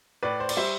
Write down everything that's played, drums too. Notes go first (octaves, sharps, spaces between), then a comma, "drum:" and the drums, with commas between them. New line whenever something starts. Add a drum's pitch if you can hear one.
A2 B4 D5
C5
D5, drum: cymbal
G3 C5 E5